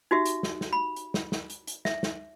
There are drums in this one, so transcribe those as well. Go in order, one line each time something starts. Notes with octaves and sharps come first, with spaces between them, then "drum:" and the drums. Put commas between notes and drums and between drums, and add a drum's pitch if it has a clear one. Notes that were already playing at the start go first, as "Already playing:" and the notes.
D#4 F#4 G4 E5
drum: hi-hat
drum: snare
drum: snare
B5
drum: hi-hat
drum: snare
drum: snare
drum: hi-hat
drum: hi-hat
E5, drum: snare
drum: snare